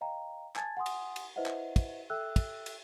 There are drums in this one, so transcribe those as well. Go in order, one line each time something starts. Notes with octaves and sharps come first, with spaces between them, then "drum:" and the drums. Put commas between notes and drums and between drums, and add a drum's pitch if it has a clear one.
D#5 F5 G5 A#5
G#5 A5 G#6 A6, drum: clap
F#5 G#5 C6 D#6
drum: cymbal
drum: cymbal
E4 B4 C5 D#5 E5 F#5
drum: clap
drum: kick, cymbal
A4 E5 G5 E6 F#6
drum: kick, cymbal
drum: cymbal